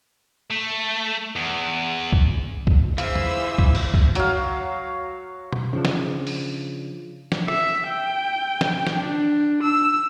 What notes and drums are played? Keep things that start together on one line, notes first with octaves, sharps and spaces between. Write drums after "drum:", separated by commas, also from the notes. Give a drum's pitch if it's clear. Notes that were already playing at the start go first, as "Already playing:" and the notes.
A3
E2
drum: kick C2
drum: kick C2
E3 G#4 C5 E5 F5 E6, drum: hi-hat
drum: tom E2
drum: kick C2
drum: cymbal
drum: kick C2
F#3 F5, drum: hi-hat
drum: tom
C#3 F3 D4
drum: snare
drum: open hi-hat
drum: snare
E5, drum: rim click
G5
drum: snare
drum: snare
D4
E6